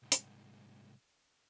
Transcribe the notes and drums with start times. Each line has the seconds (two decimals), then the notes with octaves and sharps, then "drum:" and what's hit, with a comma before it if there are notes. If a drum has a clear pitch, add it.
0.02 C2 G#2
0.12 drum: hi-hat